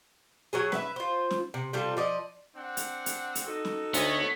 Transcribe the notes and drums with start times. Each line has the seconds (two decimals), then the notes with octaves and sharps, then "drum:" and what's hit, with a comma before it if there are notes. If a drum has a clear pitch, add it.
0.53 F#3 C#4 G#4
0.72 B4 D#5 E5, drum: snare
0.96 F4 C5
1.31 drum: snare
1.54 C3
1.73 C3 G3 F4 A4
1.97 F3 D5 D#5
2.57 C4 D4 F#5
2.77 drum: hi-hat
3.06 drum: hi-hat
3.35 drum: hi-hat
3.47 D#4 F#4 A4
3.65 drum: snare
3.94 D2 B3 C#5 D#5, drum: hi-hat